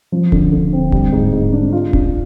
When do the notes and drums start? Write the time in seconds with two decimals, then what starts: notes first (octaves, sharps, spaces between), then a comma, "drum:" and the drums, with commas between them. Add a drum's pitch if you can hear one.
0.12 F3
0.32 D3, drum: kick D1
0.52 D3
0.73 C4
0.92 G3, drum: kick D1
1.12 G#2
1.32 G#2
1.52 D4
1.72 F4
1.93 D4, drum: kick D1